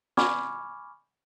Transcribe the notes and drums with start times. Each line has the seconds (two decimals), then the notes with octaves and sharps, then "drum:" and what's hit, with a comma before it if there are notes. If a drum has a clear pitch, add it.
0.17 G#5 B5 C#6 D6 F6 G#6, drum: snare